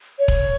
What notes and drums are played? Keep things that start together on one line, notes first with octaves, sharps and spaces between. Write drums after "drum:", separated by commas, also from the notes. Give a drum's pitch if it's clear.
C#5
drum: kick E1